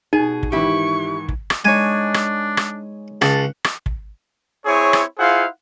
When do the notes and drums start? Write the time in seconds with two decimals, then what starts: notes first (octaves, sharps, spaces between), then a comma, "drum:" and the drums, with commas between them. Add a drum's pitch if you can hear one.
0.13 B2 D#4 G#4 D#7
0.43 drum: kick
0.52 G#2 D#3 E3 E4 G4 C#6
1.29 drum: kick
1.50 drum: rim click
1.65 G#3 D4 D#4 C#5 G#5
2.14 drum: rim click
2.57 drum: rim click
3.22 C#2 F#5 A5, drum: rim click
3.64 drum: rim click
3.86 drum: kick
4.66 C4 E4 G#4 C#5
4.93 drum: rim click
5.19 E4 F4 G#4 C5 F5 F#5